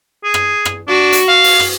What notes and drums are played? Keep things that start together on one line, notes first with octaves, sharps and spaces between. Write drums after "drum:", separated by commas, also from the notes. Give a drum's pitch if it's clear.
G#4
drum: rim click
drum: rim click
D4 F#4
drum: hi-hat
F5
drum: open hi-hat
drum: rim click